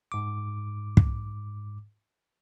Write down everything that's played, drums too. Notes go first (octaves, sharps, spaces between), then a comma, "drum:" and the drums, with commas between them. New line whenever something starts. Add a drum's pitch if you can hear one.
G#2 D6
drum: kick